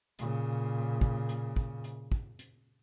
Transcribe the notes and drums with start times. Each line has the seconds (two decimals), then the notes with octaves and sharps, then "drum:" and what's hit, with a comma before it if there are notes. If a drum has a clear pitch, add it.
0.19 A#2 C#3, drum: hi-hat
1.01 drum: kick
1.29 drum: hi-hat
1.56 drum: kick
1.84 drum: hi-hat
2.12 drum: kick
2.39 drum: hi-hat